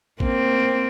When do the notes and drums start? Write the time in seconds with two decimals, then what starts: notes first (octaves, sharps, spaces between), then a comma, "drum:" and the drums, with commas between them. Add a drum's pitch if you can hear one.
0.20 A#3 C4, drum: kick A1